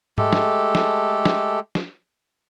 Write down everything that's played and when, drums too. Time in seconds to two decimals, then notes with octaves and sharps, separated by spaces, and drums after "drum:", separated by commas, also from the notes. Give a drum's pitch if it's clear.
0.18 G#3 A3 G4 A4, drum: tom G#2
0.33 drum: snare
0.75 drum: snare
1.25 drum: snare
1.75 drum: snare